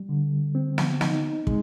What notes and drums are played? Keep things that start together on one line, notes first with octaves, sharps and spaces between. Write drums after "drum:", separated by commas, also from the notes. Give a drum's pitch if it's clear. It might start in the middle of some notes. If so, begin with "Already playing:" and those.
Already playing: G3
D3
C4
drum: snare
D#4, drum: snare
G#3, drum: kick